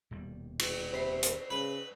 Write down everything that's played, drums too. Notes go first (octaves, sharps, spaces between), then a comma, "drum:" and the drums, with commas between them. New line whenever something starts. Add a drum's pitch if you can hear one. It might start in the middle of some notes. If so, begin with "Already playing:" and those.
D#1 B2 G3
drum: cymbal
C3 C5 B5 C7
drum: hi-hat
C#3 B4